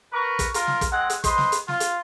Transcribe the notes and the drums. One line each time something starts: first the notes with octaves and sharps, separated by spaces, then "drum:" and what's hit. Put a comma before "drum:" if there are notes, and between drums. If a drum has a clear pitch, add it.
A#4 B4 A#5 C#6
drum: kick, hi-hat
F4 A#4, drum: hi-hat
drum: snare
drum: kick, hi-hat
G#3 C4 F#5
drum: hi-hat
B4 C5 D#5 C6, drum: kick, hi-hat
drum: snare
drum: hi-hat
F4, drum: snare
drum: hi-hat